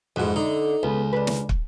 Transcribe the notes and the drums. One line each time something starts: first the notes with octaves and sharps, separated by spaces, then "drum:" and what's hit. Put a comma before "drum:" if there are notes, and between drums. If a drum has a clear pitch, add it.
F2 G#2 E3 F#4
D3 D#4
C#2 B3
D4 B4
drum: snare
drum: kick